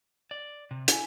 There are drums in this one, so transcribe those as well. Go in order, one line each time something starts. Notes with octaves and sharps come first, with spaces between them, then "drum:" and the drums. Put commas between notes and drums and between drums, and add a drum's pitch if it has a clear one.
D5
C3
E4 G#5, drum: hi-hat